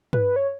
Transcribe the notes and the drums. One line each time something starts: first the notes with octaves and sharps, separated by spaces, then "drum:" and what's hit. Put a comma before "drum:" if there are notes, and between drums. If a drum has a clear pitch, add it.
B4, drum: tom
C#5